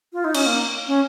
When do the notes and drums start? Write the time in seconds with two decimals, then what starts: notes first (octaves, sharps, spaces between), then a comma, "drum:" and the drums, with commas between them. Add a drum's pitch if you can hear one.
0.13 F4
0.25 D#4
0.35 C#4, drum: cymbal
0.46 A#3
0.88 C#4